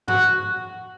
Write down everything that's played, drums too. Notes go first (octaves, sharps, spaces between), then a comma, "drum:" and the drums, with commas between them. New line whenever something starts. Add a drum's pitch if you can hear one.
F#4, drum: tom G2